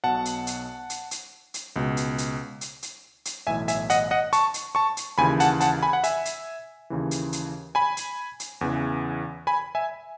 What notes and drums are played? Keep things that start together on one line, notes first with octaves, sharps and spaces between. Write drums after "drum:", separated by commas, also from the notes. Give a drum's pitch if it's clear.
B1 B2 F#5 A5
drum: hi-hat
drum: hi-hat
drum: hi-hat
drum: hi-hat
drum: hi-hat
C#2 B2
drum: hi-hat
drum: hi-hat
drum: hi-hat
drum: hi-hat
drum: hi-hat
B1 A2 E3 E5 G#5
E5 G#5, drum: hi-hat
D#5 F#5, drum: hi-hat
D#5 F#5
A5 C#6, drum: hi-hat
drum: hi-hat
A5 C#6
drum: hi-hat
D#2 C#3 E3 G#5 B5
F#5 A5, drum: hi-hat
F#5 A5, drum: hi-hat
G#5 B5
F#5
E5 G#5, drum: hi-hat
drum: hi-hat
D#2 C#3 E3
drum: hi-hat
drum: hi-hat
G#5 B5
drum: hi-hat
drum: hi-hat
E2 C#3 E3
G#5 B5
E5 G#5